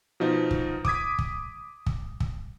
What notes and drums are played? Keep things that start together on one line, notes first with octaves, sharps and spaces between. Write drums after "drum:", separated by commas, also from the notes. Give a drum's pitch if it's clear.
B2 F3 D#4
drum: kick
D6 D#6 G#6 B6, drum: kick
drum: kick
drum: kick
drum: kick